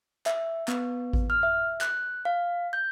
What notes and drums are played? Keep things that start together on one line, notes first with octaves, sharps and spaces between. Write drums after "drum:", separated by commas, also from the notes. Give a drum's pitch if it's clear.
E5, drum: clap
B3, drum: clap
drum: kick G#1
F6
E5
F#6, drum: clap
F5
G6